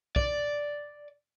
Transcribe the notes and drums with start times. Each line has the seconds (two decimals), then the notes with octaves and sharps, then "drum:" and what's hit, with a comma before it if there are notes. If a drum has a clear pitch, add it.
0.16 D5, drum: kick